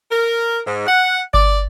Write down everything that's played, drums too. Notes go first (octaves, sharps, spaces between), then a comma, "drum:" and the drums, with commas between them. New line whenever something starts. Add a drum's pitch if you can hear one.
A#4
G#2
F#5
D5, drum: kick G1